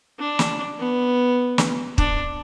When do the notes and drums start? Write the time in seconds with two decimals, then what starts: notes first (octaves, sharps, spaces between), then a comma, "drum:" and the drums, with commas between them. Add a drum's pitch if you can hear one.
0.19 D4
0.39 drum: snare
0.79 B3
1.58 drum: snare
1.98 D4, drum: kick